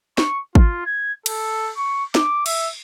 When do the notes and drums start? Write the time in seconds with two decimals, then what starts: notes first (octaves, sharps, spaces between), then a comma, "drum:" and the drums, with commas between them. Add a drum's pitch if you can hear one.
0.18 C#6, drum: snare
0.55 F4, drum: kick G#1
0.86 G#6
1.26 A4, drum: cymbal
1.77 C#6
2.15 D6, drum: snare
2.46 E5, drum: cymbal